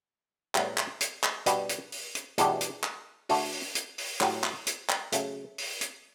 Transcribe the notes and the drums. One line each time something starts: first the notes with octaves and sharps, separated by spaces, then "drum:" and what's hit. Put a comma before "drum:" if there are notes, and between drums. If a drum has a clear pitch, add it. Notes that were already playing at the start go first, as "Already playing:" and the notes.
A2 G3 B3 E4 G4, drum: clap
drum: clap
drum: hi-hat
drum: clap
B2 G3 B3 D4 F#4, drum: hi-hat
drum: hi-hat
drum: open hi-hat
drum: hi-hat
E2 B2 A3 D4 G4, drum: hi-hat
drum: hi-hat
drum: clap
D3 A3 D4 F#4, drum: open hi-hat
drum: open hi-hat
drum: hi-hat
drum: open hi-hat
A2 F#3 A3 E4 G4, drum: clap
drum: clap
drum: hi-hat
drum: clap
C#3 F#3 A3, drum: hi-hat
drum: open hi-hat
drum: hi-hat